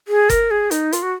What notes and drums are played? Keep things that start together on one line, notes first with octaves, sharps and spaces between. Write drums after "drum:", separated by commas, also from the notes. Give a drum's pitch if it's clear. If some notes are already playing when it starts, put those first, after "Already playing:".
G#4
A#4, drum: kick F#1, hi-hat
G#4
D#4, drum: hi-hat
F4, drum: hi-hat
F#4